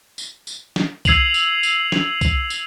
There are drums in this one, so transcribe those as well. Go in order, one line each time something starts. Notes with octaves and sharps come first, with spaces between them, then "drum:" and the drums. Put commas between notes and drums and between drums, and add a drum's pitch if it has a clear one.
drum: tambourine
drum: tambourine
drum: snare
E6 G#6 C7 D#7 F7 F#7, drum: kick, tambourine
drum: tambourine
drum: tambourine
drum: snare
drum: kick, tambourine
drum: tambourine